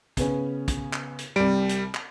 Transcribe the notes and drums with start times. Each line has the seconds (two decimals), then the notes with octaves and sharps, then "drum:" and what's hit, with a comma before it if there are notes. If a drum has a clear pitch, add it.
0.17 C#3 B3 C#4, drum: kick, hi-hat
0.68 drum: kick, hi-hat
0.93 drum: clap
1.19 drum: hi-hat
1.36 C2 G3 D7
1.69 drum: hi-hat
1.95 drum: clap